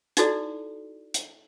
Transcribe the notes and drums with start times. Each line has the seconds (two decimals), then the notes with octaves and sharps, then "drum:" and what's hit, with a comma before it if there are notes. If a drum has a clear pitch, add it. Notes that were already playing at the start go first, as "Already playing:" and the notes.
0.17 D#4 E4 F#4 A4 D5, drum: hi-hat
1.14 drum: hi-hat